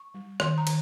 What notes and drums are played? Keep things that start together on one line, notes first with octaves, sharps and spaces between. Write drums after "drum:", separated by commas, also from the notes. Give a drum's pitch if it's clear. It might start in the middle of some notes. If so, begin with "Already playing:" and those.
Already playing: C#6
G3
D#3 C6, drum: rim click
A#5
D#3, drum: cymbal